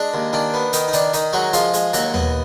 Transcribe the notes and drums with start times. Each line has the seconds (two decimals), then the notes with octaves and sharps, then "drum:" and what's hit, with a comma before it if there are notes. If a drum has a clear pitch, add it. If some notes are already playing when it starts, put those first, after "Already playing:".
Already playing: G#3 D4
0.14 D#2
0.33 D#3 D4
0.54 B3
0.73 D#3 D#4, drum: hi-hat
0.88 D#4
0.93 D#3 D4, drum: hi-hat
1.13 D#3 D#4, drum: hi-hat
1.33 F#3 G#3 F#4
1.53 F3 G#3 F4, drum: hi-hat
1.74 G#3, drum: hi-hat
1.93 D#2 F#3 F#4, drum: hi-hat
2.14 B3, drum: tom D#2